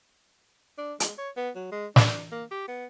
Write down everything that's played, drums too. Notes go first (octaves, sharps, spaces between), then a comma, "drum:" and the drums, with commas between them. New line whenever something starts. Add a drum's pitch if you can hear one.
D4
G#3, drum: hi-hat
C#5
B3
F#3
G#3
D4, drum: snare
A#3
G4
B3